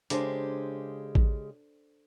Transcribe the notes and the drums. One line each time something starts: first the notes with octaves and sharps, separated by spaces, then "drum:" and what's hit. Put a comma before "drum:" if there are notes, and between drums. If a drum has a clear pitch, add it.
C#3 G#3 D4 G4 A4 C5, drum: hi-hat
drum: kick A1